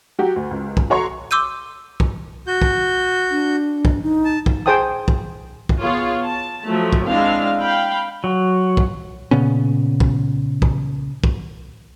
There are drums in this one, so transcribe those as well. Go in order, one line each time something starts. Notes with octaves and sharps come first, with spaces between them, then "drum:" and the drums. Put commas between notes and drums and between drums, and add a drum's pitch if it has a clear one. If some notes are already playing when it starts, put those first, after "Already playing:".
F#3 F#4 G4
D2
C#2
drum: kick B1
F#4 A4 C#5 A#5 C6 C#6
C6 D6 E6 G6 D#7
drum: kick B1
F#4 G6
drum: kick B1
D4
drum: kick B1
D#4
A5
drum: kick B1
G#4 C5 G5 A5 D#6
drum: kick B1
drum: kick B1
B3 F4 G#4 C#5
A5
F3 F#3 A3
drum: kick B1
G#3 C4 D4 E4 F5
F5 G5 B5
F#3
drum: kick B1
A#2 C#3 B3 C#4
drum: kick B1
drum: kick B1
drum: kick B1